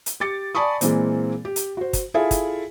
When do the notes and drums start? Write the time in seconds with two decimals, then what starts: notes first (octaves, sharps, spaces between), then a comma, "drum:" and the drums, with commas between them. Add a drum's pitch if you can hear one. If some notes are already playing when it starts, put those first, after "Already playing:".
0.06 drum: hi-hat
0.20 G4 D6 A6 C#7
0.55 D5 G#5 A5 B5 C#6 D#6
0.81 A#2 E3 G#3 A#3 C4, drum: hi-hat
1.45 G4
1.56 drum: hi-hat
1.77 F#4 C5
1.93 drum: kick, hi-hat
2.14 E4 F4 G#4 A4 E5 F5
2.31 drum: kick, hi-hat